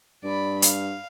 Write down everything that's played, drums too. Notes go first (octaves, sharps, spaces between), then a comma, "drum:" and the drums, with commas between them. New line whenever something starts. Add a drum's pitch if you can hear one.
G2 D5 B5
F5, drum: hi-hat